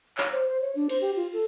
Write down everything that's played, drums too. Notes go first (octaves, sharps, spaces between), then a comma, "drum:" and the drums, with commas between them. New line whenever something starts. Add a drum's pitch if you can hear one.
C#5, drum: clap
C5
C5
C#5
D4
C5, drum: cymbal
G4
F4
A4